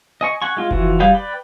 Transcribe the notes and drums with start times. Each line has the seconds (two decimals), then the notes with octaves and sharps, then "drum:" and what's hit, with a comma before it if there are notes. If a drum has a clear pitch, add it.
0.21 D#5 G#5 C#6
0.42 F#5 G#5 C#6
0.57 G#3 F4
0.71 E3 F3 F#4, drum: kick F1
1.00 G3 G#4 F5 G5 G6
1.14 B4 D5 G5